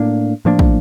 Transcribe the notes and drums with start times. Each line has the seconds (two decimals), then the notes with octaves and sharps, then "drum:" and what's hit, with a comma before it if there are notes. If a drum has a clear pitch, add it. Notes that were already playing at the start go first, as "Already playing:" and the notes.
Already playing: A2 A#3 D4
0.45 A2 F3 A#3 D4
0.59 drum: kick